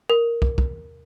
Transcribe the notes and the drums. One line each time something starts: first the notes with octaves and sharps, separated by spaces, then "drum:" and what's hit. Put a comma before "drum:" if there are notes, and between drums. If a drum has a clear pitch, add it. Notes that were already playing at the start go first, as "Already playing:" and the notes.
A#4
drum: kick
drum: kick